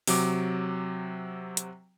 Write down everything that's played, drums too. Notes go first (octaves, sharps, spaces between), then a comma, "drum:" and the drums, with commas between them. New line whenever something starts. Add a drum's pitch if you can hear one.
C3 F#3 D6, drum: open hi-hat
drum: hi-hat